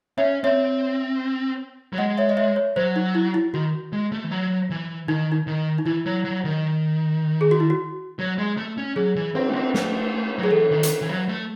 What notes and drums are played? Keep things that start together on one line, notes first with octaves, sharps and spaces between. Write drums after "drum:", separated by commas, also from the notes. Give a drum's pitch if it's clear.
C#4 C#5 E5
C4 C#5 E5
F#3
G#3 D#5 F#5
C#5 E5
D#5
C#5 E5
C#5
F#3 C5
D#4
E4
E4
D#3 F#4
G#3
A3
E3
F#3
E3
D#3 D#4
D#4
D#3
D#4
E3 E4
F#3
F#3
D#3
G#4
F#4
E4
F#4
F#3
G#3
A3
C#4
F#3 G#4
E3
C4, drum: cymbal
A3
C4
A3, drum: snare
F#3 G#4
E3 A4
D#3
drum: hi-hat
E3
F#3
A3